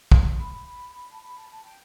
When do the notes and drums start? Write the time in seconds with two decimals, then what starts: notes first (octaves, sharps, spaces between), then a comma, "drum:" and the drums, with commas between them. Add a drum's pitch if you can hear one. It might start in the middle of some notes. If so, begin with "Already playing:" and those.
0.12 C6, drum: kick
0.33 C6
0.39 B5
0.68 B5
0.95 B5
1.11 A5
1.22 B5
1.37 A5
1.50 A5
1.64 G5